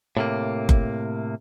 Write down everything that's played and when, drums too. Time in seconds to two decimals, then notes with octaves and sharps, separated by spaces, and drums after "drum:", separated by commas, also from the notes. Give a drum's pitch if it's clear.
0.17 A2 C3 A#3
0.69 drum: kick F#1